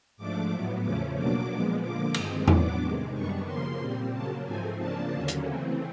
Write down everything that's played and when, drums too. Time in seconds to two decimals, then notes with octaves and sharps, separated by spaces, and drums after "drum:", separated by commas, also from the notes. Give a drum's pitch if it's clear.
0.17 G#2 F3 A3 D4 D6
0.50 A2 F#3 B3
0.83 E2 C#3 F3 A3 C#4 D6
1.16 B2 F#3 A#3 D4 D6
1.48 A#2 F3 G#3 B3 D6
1.82 D3 F3 A#3 D6
2.14 G2 D#3 G#3 C4 D#6, drum: cymbal
2.48 A2 F#3 B3 D4 D6, drum: tom E2
2.80 C3 D#3 G#3
3.13 F#2 D#3 G3 B3 D4 C#6
3.46 C#3 F3 A#3 C6
3.80 A#2 G3 C4
4.12 C#3 F#3 A#3 A5
4.45 G#2 F3 A3 C4 G#5
4.78 C#3 F3 A#3 D4 A5
5.12 D#2 D3 F#3 A#3 C#4
5.28 drum: hi-hat
5.44 C#3 E3 A3 C4